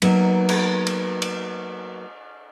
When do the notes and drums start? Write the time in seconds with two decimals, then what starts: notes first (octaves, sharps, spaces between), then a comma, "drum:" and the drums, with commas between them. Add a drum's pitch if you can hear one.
0.02 F#3 A#3 B3 D#4, drum: cymbal
0.49 drum: cymbal
0.87 drum: cymbal
1.22 drum: cymbal